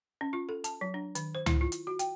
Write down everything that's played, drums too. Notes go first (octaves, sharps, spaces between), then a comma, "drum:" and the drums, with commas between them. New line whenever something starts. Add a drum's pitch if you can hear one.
C#4
F4
A4
A5, drum: hi-hat
F#3
D4
D#3, drum: hi-hat
C5
E4, drum: tom
F4
drum: hi-hat
F#4
G5, drum: hi-hat